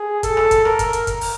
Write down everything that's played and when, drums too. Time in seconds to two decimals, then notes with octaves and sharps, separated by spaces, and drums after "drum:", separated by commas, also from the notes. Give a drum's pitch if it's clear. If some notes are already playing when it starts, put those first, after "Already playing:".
Already playing: G#4
0.23 A4, drum: kick, hi-hat
0.37 drum: rim click
0.51 drum: kick, hi-hat
0.65 A#4, drum: rim click
0.79 drum: kick, hi-hat
0.93 drum: hi-hat
1.07 drum: kick, hi-hat
1.21 drum: open hi-hat